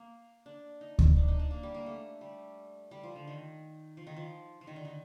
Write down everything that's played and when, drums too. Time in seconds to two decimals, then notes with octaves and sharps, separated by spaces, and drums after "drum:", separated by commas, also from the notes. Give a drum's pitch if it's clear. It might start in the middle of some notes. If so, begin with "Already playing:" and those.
Already playing: A#3
0.46 D4
0.81 D#4
0.99 drum: kick D2
1.16 D4
1.28 D#4
1.39 D4
1.51 A#3
1.63 G3
1.74 A#3
1.86 A3
2.21 G3
2.91 G3
3.03 F3
3.16 D3
3.27 D#3
3.97 F3
4.07 D#3
4.16 F3
4.61 F3
4.67 D#3
4.76 D3
4.85 D#3